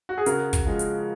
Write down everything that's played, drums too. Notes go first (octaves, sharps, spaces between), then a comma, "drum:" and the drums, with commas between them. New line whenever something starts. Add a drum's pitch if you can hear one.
F#4
G#4
C#3 F#4 A#4, drum: hi-hat
drum: kick, hi-hat
F3 G#3
drum: hi-hat